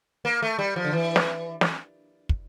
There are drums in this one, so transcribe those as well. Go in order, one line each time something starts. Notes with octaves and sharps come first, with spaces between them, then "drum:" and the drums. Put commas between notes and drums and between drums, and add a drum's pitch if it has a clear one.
A#3
A3
G3
F3
D3
E3
drum: snare
drum: snare
drum: kick